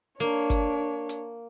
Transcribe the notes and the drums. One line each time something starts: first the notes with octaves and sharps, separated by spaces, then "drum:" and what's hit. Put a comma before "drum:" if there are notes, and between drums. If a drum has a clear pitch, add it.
A#3 D4 C#5, drum: hi-hat
drum: kick G1, hi-hat
drum: hi-hat